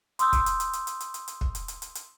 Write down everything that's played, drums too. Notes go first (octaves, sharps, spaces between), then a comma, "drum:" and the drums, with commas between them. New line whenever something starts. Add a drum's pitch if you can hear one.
C6 D#6 E6 G6, drum: hi-hat
drum: kick, hi-hat
drum: hi-hat
drum: hi-hat
drum: hi-hat
drum: hi-hat
drum: hi-hat
drum: hi-hat
drum: hi-hat
drum: kick
drum: hi-hat
drum: hi-hat
drum: hi-hat
drum: hi-hat